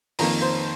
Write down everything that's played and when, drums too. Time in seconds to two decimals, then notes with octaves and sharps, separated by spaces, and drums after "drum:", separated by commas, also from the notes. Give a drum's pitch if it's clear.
0.19 F2 D#3 A#3 A#5, drum: open hi-hat
0.42 C5